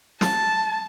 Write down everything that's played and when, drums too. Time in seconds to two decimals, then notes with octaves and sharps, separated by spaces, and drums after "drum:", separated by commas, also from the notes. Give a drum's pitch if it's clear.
0.21 A5, drum: snare